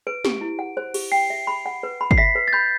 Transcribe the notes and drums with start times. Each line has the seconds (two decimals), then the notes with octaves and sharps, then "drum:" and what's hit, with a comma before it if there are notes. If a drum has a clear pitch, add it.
0.07 B4 D7
0.25 G4, drum: snare
0.41 E4
0.59 F#5
0.77 C5
0.94 G4, drum: cymbal
1.12 G5 C7
1.30 E5
1.47 B5
1.66 F#5
1.83 B4
2.01 B5
2.11 C7, drum: kick
2.18 E5 B6
2.35 B4
2.48 A6
2.53 B5 G6